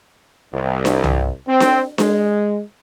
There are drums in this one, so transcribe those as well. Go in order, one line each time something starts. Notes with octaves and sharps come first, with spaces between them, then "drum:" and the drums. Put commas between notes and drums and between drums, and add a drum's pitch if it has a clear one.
C2
drum: snare D4
drum: tom C2
C4
drum: snare D4
G#3, drum: snare D4